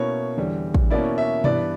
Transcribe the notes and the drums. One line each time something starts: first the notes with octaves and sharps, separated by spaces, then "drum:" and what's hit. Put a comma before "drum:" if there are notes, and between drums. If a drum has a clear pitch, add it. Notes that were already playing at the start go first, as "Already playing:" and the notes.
Already playing: B2 A#3 C#4 E4 C#5
E2 D3 G3
drum: kick
B2 A#3 C#4 E4 D5
E5
G2 E3 B3 D4 D5, drum: tom B2